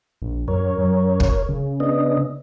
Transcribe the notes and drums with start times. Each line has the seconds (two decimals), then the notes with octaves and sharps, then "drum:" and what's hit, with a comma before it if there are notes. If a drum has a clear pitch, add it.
0.22 A#1
0.48 F#2 A#4 C#5
0.78 F#2
1.20 drum: kick
1.49 C#3
1.80 B3 D4 D#5